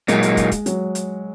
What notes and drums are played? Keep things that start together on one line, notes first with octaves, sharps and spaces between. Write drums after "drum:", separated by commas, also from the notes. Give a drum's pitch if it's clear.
A#2 F#3 G#3 A#3 D#4, drum: hi-hat
drum: hi-hat
drum: kick, hi-hat
drum: kick, hi-hat
F#3, drum: hi-hat
drum: hi-hat